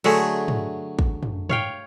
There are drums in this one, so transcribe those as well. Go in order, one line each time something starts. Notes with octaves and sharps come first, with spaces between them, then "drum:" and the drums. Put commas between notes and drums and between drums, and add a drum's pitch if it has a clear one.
D3 F#3 A3 G#4, drum: cymbal
drum: tom
drum: kick
drum: tom
C#5 F5 G5, drum: tom